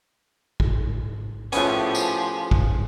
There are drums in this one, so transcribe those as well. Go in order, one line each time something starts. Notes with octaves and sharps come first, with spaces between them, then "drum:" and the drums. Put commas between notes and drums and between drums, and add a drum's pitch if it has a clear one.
drum: kick
A2 F3 B3 C#4 G4 G#4 G#5 C#6, drum: hi-hat
drum: tambourine
drum: kick